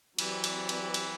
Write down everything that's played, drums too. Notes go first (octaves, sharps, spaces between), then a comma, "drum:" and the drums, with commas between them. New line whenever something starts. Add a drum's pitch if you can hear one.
E3 F#3 C4 G4 B4 D5, drum: cymbal
drum: cymbal
drum: cymbal
drum: cymbal